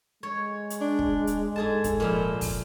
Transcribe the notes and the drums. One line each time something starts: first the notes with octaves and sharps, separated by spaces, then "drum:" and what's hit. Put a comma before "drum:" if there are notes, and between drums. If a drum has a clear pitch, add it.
G#3 C#5
drum: hi-hat
D4
drum: kick
drum: hi-hat
G#2 G#4 A4 A5
drum: kick, hi-hat
A#2 F3 E4
drum: kick, open hi-hat